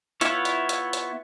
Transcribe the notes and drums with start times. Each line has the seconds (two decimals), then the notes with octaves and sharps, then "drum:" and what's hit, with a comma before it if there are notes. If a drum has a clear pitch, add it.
0.21 B3 E4 F4 C#5, drum: hi-hat
0.45 drum: hi-hat
0.69 drum: hi-hat
0.93 drum: hi-hat